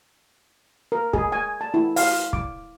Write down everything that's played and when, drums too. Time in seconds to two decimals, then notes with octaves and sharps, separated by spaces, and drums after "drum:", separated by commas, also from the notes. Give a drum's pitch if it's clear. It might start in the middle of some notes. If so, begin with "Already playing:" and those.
0.92 A#4
1.13 G#4, drum: kick
1.32 G#5
1.61 A5
1.74 E4
1.96 F5, drum: open hi-hat
2.33 D6, drum: kick